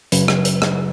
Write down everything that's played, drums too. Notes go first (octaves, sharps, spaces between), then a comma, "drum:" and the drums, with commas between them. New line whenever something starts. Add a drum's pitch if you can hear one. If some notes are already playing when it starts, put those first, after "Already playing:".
F#2 C#3 F#3 B4, drum: hi-hat
drum: rim click
drum: hi-hat
drum: rim click